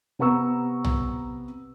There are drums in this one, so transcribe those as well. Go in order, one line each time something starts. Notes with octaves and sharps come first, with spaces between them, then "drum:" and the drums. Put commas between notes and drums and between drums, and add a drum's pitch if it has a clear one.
C3 B3 A#5 C#6 E6
drum: tom